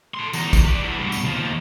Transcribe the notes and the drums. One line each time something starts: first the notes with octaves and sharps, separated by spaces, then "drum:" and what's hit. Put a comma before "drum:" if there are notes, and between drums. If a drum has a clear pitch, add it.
A4 C6
E2 D#4, drum: tambourine
drum: kick, tambourine
B4 D5
E2 E3
G2 B2
drum: tambourine
D#2 F3